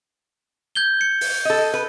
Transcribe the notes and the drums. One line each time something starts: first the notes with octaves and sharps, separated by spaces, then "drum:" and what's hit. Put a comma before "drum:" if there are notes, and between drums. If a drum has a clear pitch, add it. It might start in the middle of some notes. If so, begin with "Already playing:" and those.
G6 G#6 G7
C#7
drum: open hi-hat
A4 D#5
B4